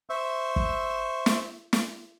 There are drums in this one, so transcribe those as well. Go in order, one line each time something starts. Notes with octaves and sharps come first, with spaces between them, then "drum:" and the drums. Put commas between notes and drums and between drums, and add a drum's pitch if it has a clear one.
C5 E5 C#6 E6
drum: kick
drum: snare
drum: snare